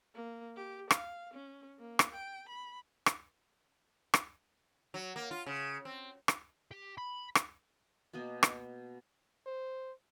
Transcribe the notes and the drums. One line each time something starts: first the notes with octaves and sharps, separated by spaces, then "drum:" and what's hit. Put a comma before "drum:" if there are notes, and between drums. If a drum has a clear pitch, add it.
A#3
G4
F5, drum: rim click
C#4
A#3
drum: rim click
G5
B5
drum: rim click
drum: rim click
F#3
A#3
F4
C#3
C4
drum: rim click
G4
B5
drum: rim click
B2 A#3 B3 D#5
drum: rim click
C5